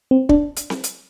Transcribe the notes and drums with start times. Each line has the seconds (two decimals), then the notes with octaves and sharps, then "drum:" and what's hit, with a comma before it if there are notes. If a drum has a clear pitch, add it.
0.11 C4
0.29 D4, drum: kick
0.56 drum: hi-hat
0.70 drum: snare C4
0.84 drum: hi-hat